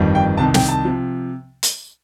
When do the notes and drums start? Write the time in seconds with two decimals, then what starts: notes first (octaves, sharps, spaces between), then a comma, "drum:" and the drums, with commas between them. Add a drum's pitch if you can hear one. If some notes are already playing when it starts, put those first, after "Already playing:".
Already playing: G1 F2 D#3 G3
0.15 G5
0.37 C2 C3 D#3 A5
0.54 G5, drum: snare
0.69 A5
0.85 C3 F3
1.63 drum: hi-hat